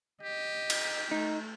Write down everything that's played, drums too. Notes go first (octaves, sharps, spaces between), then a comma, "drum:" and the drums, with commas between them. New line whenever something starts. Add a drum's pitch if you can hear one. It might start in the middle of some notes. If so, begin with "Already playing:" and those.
G4 D#5
drum: cymbal
A3 D#4